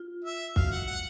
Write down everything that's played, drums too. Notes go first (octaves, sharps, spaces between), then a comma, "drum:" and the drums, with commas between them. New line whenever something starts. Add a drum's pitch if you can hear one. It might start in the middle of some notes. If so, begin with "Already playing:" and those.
Already playing: F4
E5
F#4 F5, drum: kick
F#5
F#5